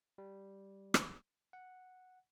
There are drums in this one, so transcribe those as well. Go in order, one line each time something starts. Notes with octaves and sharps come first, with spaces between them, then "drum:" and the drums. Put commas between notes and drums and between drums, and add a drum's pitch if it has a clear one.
G3
drum: rim click
F#5